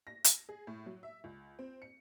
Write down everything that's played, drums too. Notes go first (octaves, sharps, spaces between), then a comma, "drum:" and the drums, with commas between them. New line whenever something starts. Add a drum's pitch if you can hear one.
A#6
drum: hi-hat
G#4
A2
F#3
E5
C#2
C4
C#7